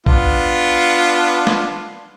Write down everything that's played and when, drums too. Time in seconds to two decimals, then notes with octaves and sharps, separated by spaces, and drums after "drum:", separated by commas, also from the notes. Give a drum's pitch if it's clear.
0.06 B3 D4 F4, drum: kick
1.47 drum: snare